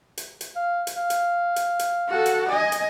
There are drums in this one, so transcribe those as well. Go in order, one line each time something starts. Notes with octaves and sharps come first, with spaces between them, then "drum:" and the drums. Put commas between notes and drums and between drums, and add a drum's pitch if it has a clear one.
drum: hi-hat
drum: hi-hat
F5
drum: hi-hat
F5
drum: hi-hat
drum: hi-hat
drum: hi-hat
F#4 A4
drum: hi-hat
D#5 G#5
drum: hi-hat